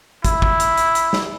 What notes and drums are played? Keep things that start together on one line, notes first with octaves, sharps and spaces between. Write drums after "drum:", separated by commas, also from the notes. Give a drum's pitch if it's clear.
E4, drum: kick, hi-hat
drum: kick
drum: hi-hat
drum: hi-hat
drum: hi-hat
drum: snare